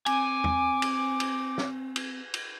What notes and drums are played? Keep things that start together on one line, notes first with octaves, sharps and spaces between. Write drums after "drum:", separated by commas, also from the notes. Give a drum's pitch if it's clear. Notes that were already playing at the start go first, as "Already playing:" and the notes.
C4 G#5 D6, drum: cymbal
drum: tom E2
drum: cymbal
drum: cymbal
drum: snare
drum: cymbal
drum: cymbal